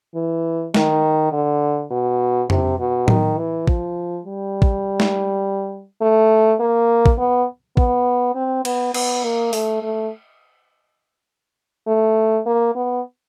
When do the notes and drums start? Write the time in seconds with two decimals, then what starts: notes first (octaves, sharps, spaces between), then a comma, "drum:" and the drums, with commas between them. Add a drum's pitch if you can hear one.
0.15 E3
0.74 D#3, drum: snare
1.32 D3
1.91 B2
2.50 C3, drum: tom F2
2.79 B2
3.08 D#3, drum: tom A2
3.38 E3
3.67 F3, drum: kick
4.26 G3
4.62 drum: kick
5.00 drum: snare
6.02 A3
6.60 A#3
7.06 drum: kick
7.19 B3
7.77 B3, drum: kick
8.35 C4
8.65 B3, drum: cymbal
8.94 B3, drum: cymbal
9.24 A#3
9.53 A3, drum: open hi-hat
9.83 A3
11.87 A3
12.46 A#3
12.75 B3